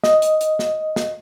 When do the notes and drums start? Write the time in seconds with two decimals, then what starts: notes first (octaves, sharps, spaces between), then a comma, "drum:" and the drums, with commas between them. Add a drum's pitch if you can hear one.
0.04 D#5, drum: snare
0.22 drum: hi-hat
0.41 drum: hi-hat
0.59 drum: snare
0.96 drum: snare